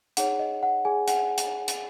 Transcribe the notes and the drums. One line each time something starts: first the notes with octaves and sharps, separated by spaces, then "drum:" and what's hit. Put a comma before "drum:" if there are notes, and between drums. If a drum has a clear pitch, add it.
D#4 G#4 C#5 F#5, drum: hi-hat
D#5
F#5
G#4 G#5
F#5, drum: hi-hat
drum: hi-hat
drum: hi-hat